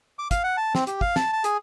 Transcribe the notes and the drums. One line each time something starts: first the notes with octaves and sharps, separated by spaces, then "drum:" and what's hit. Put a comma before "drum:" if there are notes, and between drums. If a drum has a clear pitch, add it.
D6
F5, drum: kick, hi-hat
F#5
A5
C4, drum: snare
G4, drum: hi-hat
F5, drum: kick
A5, drum: snare
A5
G#4, drum: hi-hat